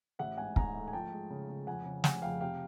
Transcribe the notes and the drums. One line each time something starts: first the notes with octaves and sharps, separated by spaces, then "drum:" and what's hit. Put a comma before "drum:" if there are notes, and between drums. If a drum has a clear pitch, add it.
A1 E5 F#5
G#2 F#5 G#5
G#2 G#5 A#5, drum: kick
A3
G#5
F3 G5 A5
G#3
C#3
C#3
F2 F#5 G#5
C#3
F1 F#5 G#5, drum: snare
F2 F5 G5
C3 F5 G5